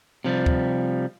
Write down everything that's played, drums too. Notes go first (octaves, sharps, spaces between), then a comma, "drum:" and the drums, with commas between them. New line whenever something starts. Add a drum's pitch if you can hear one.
C3 F3 G3
drum: kick